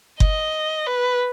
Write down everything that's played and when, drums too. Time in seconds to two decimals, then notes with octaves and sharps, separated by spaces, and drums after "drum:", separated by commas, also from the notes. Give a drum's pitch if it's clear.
0.20 D#5, drum: kick F#1
0.87 B4